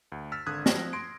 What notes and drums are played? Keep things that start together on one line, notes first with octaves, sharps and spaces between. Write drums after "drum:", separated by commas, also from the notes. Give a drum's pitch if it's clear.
D2
E6 F6 A6 B6
G#1 D3 D#6 F#6 G#6
F3 A#6, drum: snare
C6 G#6 D7